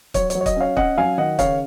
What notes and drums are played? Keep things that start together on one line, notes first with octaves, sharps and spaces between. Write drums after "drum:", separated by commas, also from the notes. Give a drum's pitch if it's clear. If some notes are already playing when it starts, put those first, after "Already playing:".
F#3 C#5, drum: kick, hi-hat
C#5, drum: hi-hat
F#3
C#5
D#5, drum: kick, hi-hat
C#4 C#5 F5
C#4 D#5 F#5, drum: kick
F#3 F5 G#5
D#3 D#5 F#5
C#3 C#5 F5, drum: kick, hi-hat